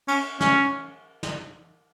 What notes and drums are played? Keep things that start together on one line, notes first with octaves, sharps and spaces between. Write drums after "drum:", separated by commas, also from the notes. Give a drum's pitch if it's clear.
C#4, drum: cymbal
C#4, drum: snare
drum: snare